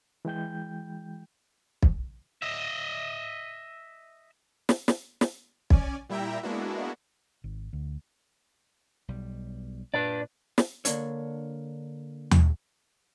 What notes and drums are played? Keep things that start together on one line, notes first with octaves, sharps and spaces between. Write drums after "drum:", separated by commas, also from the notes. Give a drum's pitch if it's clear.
E3 G#3 G5 G6
drum: kick
D#5 E5
drum: snare
drum: snare
drum: snare
C#4 D5 G#5, drum: kick
A#2 G3 E4 E5 G5 A#5
G#3 A#3 B3 D4 E4 F#4
G#1
D2
B1 G3
A#2 D4 B4 D5
drum: snare
D3 A#3 D4 C#5, drum: hi-hat
drum: tom D#2